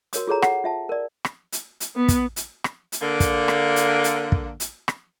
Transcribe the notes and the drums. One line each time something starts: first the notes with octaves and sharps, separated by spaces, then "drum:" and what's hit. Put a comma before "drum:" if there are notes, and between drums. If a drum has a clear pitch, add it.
F#4 A#4 C#5 D#6, drum: hi-hat
F4 G#4 A4 C#5 A#5
F#5, drum: rim click
F4 E5 A5
A#4 D5
drum: rim click
drum: hi-hat
drum: hi-hat
B3
drum: kick, hi-hat
drum: hi-hat
drum: rim click
drum: hi-hat
D3 A#3
drum: kick, hi-hat
drum: rim click
drum: hi-hat
drum: hi-hat
drum: kick
drum: hi-hat
drum: rim click